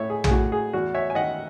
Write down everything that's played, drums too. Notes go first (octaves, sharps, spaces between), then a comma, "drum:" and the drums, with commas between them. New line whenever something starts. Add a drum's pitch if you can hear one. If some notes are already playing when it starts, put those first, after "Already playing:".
Already playing: A2 C#5 E5
G#4
G#4, drum: tom
A2 F#4
G#4
E2 F#4
C#5 E5
G#5
D#3 D#5 F#5